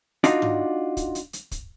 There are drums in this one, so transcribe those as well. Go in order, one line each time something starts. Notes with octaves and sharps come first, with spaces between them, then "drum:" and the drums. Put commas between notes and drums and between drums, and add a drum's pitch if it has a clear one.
D4 D#4 F4 F#4 D5, drum: hi-hat
drum: tom G#2
drum: kick, hi-hat
drum: hi-hat
drum: hi-hat
drum: kick, hi-hat